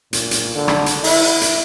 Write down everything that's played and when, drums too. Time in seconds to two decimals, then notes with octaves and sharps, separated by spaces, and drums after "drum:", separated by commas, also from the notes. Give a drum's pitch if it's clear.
0.13 A#2, drum: hi-hat
0.31 drum: hi-hat
0.55 D3
0.68 drum: rim click
0.86 drum: hi-hat
1.04 E4, drum: open hi-hat
1.41 drum: hi-hat